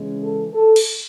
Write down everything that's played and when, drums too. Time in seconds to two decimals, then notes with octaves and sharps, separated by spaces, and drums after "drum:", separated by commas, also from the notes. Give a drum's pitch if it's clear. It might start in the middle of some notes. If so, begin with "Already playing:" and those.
Already playing: C#3 E3 G#3
0.22 A4
0.53 A4
0.76 drum: cymbal